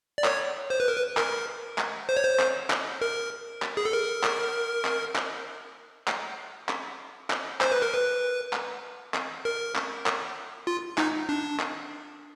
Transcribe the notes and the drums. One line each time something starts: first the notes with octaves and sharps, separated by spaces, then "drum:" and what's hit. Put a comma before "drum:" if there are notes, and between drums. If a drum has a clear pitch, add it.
D5
C#5, drum: clap
C5
B4
A#4
B4
A#4, drum: clap
drum: clap
C5
C#5
C5
drum: clap
drum: clap
A#4
drum: clap
G#4
A4
A#4
drum: clap
drum: clap
drum: clap
drum: clap
drum: clap
drum: clap
C5, drum: clap
B4
A#4
B4
drum: clap
drum: clap
A#4
drum: clap
drum: clap
F4
D#4, drum: clap
D4
drum: clap